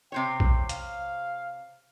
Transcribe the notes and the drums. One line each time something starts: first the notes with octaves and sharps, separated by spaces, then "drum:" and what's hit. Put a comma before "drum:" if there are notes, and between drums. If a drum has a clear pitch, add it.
C3 C5 C#5 G5
drum: kick B1
F5, drum: hi-hat